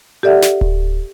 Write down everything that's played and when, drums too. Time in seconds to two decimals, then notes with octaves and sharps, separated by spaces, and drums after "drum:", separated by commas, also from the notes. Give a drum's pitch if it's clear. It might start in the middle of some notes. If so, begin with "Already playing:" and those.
0.23 G4 A4 D5 E5 F#5
0.42 drum: snare
0.61 drum: kick D1